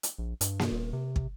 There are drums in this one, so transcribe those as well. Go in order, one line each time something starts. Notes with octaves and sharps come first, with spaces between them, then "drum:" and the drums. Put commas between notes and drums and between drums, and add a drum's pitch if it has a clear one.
drum: hi-hat
A#1
G2, drum: hi-hat
drum: snare A#3
D#1
C3
drum: kick